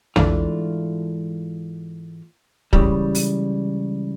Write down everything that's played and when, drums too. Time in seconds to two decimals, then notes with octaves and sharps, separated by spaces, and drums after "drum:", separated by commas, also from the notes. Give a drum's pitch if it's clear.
0.16 G#2 E3 A3 D4 F4, drum: tom
2.73 C#2 C#3 E3 G3, drum: kick
3.15 drum: open hi-hat